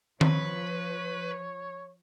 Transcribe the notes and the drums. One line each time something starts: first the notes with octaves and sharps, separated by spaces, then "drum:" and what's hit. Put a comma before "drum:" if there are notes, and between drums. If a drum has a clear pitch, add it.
F3 B4 C#5, drum: tom D#3